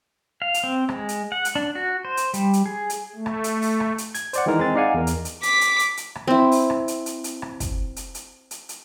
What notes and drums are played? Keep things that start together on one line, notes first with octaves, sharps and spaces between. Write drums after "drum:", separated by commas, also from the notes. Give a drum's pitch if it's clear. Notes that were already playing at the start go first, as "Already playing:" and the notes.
F5
drum: hi-hat
C4
G#3, drum: rim click
drum: hi-hat
F#5
drum: hi-hat
D4
F#4
C5
drum: hi-hat
G3, drum: hi-hat
drum: hi-hat
G#4
drum: hi-hat
A3
drum: rim click
drum: hi-hat
drum: open hi-hat
drum: rim click
drum: hi-hat
G#6, drum: hi-hat
C5 D5 F#5, drum: hi-hat
D#3 E3 G#3 D#4 A#4
G#3 C4 A6
D#4 D5 D#5 F5 F#5 G#5
E2 A#4
drum: hi-hat
drum: hi-hat
D6 B6, drum: hi-hat
drum: hi-hat
drum: hi-hat
drum: hi-hat
drum: rim click
C4 E4
drum: open hi-hat
drum: rim click
drum: hi-hat
drum: hi-hat
drum: hi-hat
drum: rim click
drum: kick, hi-hat
drum: hi-hat
drum: hi-hat
drum: hi-hat
drum: hi-hat